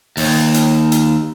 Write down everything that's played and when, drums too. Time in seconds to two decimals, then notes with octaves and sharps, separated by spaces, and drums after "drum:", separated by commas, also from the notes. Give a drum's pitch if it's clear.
0.17 D#2, drum: open hi-hat
0.54 drum: hi-hat
0.92 drum: hi-hat